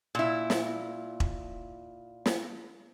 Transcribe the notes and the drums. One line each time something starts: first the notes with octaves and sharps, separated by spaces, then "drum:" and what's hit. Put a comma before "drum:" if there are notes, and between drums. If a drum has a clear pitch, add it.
A#2 E4
drum: snare
drum: kick E1
drum: snare